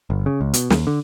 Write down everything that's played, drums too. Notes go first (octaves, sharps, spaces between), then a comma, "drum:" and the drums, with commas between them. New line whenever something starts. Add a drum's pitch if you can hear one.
G1
C#3
C#2
B2, drum: hi-hat
D#2, drum: snare
D3